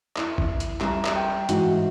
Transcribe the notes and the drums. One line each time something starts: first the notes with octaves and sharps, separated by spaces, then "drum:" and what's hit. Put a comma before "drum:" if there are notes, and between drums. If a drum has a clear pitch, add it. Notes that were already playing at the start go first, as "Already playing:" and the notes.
E4, drum: clap
drum: kick G#1
drum: hi-hat
G3 E5 A#5, drum: clap
drum: clap
G5
G#2 E3 F#4, drum: hi-hat